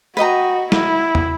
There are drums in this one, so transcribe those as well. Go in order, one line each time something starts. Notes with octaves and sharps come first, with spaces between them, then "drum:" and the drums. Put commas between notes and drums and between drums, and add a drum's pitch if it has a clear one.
F#4 B4 D#5 G5 A#5
E4, drum: snare
drum: tom